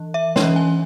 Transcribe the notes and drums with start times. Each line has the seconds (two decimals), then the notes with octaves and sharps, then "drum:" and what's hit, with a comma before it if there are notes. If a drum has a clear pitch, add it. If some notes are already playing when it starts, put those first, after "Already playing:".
Already playing: E3
0.14 E5
0.36 E3 C#4 C#5, drum: snare
0.56 G#5